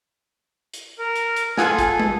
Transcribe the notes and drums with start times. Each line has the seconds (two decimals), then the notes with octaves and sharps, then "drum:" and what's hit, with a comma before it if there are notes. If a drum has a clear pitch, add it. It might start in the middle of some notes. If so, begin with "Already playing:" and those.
0.74 drum: hi-hat
0.99 A#4
1.16 drum: hi-hat
1.37 drum: hi-hat
1.58 F4 G#4 A4 F#5 G#5, drum: snare
1.78 drum: kick, hi-hat
1.99 drum: tom